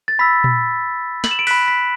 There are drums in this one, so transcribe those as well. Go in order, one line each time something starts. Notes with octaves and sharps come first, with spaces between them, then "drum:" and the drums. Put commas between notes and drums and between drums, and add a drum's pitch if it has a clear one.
A6
B5 E6 B6
drum: tom A#2
F#7, drum: snare
E7
D7
B5 F#6 B6, drum: open hi-hat
B6